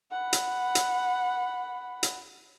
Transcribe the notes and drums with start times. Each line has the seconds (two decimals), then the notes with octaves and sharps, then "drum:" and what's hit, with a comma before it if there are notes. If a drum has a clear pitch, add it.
0.11 F#5 B5
0.33 drum: hi-hat
0.75 drum: hi-hat
2.03 drum: hi-hat